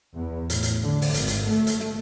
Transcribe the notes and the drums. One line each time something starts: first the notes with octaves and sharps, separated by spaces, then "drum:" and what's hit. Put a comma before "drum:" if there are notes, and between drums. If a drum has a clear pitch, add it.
E2
A2, drum: hi-hat
drum: hi-hat
D3
drum: open hi-hat
G#1, drum: hi-hat
drum: hi-hat
A3
drum: hi-hat
drum: snare